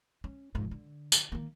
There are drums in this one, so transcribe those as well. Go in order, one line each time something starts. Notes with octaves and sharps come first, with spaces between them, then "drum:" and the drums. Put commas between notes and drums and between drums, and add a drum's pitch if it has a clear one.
C#4
F1 G#2
D3
drum: tambourine
D#3 A#3